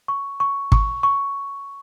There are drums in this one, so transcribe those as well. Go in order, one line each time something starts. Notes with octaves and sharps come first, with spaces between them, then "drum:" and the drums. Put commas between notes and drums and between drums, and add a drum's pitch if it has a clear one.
C#6
C#6
C#6, drum: kick
C#6